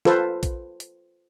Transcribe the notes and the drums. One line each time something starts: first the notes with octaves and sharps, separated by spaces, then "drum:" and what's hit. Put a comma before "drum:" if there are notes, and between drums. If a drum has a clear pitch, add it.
F4 A4 B4 C5, drum: snare
drum: kick A#1, hi-hat
drum: hi-hat